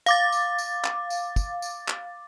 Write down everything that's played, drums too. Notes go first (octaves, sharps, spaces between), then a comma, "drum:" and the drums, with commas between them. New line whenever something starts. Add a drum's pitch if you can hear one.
F5 D6 A6, drum: tambourine
drum: tambourine
drum: tambourine
drum: clap
drum: tambourine
drum: kick, tambourine
drum: tambourine
drum: clap